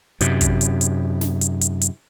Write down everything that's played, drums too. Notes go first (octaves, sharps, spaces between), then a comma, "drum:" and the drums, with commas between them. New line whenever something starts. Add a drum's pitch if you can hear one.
F#2 C3, drum: hi-hat
drum: kick, hi-hat
drum: hi-hat
drum: hi-hat
drum: snare
drum: hi-hat
drum: hi-hat
drum: hi-hat